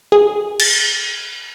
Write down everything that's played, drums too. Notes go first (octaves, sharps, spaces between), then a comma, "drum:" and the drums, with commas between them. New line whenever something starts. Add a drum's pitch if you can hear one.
G#4
A6, drum: cymbal